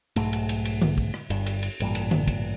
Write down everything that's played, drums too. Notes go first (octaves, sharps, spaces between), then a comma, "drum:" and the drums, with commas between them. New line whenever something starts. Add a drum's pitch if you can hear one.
B1 G#2 A3, drum: cymbal
drum: cymbal
drum: cymbal
drum: cymbal
drum: tom D3
drum: kick
drum: rim click
G1 G2, drum: cymbal
drum: cymbal
drum: cymbal
A1 G2 A#2, drum: cymbal
drum: cymbal
drum: tom D3
drum: kick, cymbal